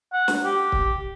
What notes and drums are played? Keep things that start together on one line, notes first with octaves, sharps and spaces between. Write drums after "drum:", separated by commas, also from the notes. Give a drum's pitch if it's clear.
F#5
drum: snare
G4
drum: kick C#1